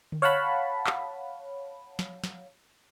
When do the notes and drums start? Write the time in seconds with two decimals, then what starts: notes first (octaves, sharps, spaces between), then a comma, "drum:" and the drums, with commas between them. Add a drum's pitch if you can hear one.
0.12 drum: tom D3
0.22 C#5 F5 F#5 A5 B5
0.87 drum: clap
1.99 drum: snare
2.24 drum: snare